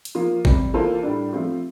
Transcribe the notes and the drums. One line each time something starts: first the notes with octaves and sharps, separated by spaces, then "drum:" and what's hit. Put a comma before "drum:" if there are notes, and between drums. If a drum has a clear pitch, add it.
drum: hi-hat
F3 A#3 F4
C3 G3 C4, drum: kick G#1
E3 A#3 F4 A4 C5
A2 G3 D4
F3 A3 C4 F4